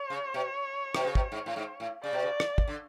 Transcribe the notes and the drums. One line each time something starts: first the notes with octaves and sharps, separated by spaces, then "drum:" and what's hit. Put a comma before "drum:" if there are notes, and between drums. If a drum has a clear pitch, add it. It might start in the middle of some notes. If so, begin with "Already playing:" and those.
Already playing: C#5
C#3
B2
B2, drum: rim click
C#3
B2, drum: kick
G#2
A2
G#2
A2
C#3 D5
B2
C#3
drum: rim click
drum: kick
D3